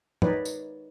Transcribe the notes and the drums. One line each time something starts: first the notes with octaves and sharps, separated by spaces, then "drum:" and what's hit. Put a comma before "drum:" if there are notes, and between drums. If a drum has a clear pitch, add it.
D#4 B4 C#5 D5, drum: tom
drum: tambourine